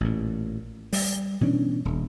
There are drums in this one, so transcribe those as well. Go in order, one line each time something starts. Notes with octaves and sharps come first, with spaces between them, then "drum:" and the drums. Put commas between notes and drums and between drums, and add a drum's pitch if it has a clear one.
A1 A#2
G3, drum: open hi-hat
B2 E3 C#4 D4
D#1